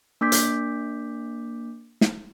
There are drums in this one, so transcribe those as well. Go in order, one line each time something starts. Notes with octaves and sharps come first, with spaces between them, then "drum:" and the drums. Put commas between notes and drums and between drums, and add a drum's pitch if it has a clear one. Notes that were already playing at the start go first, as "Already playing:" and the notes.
A#3 D4 D6 G6 B6
drum: hi-hat
drum: snare